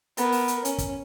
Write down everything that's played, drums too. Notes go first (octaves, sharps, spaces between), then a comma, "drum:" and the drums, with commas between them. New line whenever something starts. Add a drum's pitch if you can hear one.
B3 A#4, drum: hi-hat
drum: open hi-hat
drum: hi-hat
C#4, drum: hi-hat
drum: kick, hi-hat